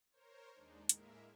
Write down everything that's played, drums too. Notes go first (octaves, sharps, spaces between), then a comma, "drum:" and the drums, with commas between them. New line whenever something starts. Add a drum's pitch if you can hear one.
A#4 C5 C#5
D#2 G#3 D4 D#4
A2 G#3 A#3 A#4 E5, drum: hi-hat